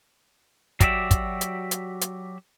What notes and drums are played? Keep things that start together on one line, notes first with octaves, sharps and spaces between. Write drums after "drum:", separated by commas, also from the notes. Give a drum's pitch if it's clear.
F#3 F#4 G4 D5 E5, drum: kick, hi-hat
drum: kick, hi-hat
drum: hi-hat
drum: hi-hat
drum: hi-hat